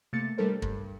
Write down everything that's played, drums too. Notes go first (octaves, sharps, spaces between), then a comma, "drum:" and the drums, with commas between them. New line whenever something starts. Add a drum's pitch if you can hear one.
C3 A3 A#3 A6 C#7
G3 A3 D4 A4 A#4 C5
G2, drum: kick